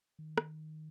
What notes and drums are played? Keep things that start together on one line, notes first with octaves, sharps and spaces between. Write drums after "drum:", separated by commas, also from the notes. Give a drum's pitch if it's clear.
D#3
drum: rim click